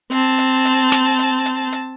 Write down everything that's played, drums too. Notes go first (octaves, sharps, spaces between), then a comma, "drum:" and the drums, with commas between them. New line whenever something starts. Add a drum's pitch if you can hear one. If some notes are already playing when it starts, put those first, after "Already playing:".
C4 A5, drum: hi-hat
drum: hi-hat
drum: hi-hat
drum: snare
drum: hi-hat
drum: hi-hat
drum: hi-hat